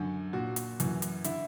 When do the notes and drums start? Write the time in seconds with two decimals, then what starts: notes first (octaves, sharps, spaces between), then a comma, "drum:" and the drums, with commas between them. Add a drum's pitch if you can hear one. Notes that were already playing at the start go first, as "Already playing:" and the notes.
Already playing: F#2 D3
0.33 A#2 F#4
0.56 drum: hi-hat
0.80 F#2 E3, drum: hi-hat
1.02 drum: hi-hat
1.24 D3 E4, drum: hi-hat